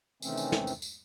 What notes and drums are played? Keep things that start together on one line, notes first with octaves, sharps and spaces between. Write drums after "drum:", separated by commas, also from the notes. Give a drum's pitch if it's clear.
C3 D#3 E3 A3 C4 C#4, drum: tambourine
drum: tambourine
drum: snare
drum: tambourine
drum: tambourine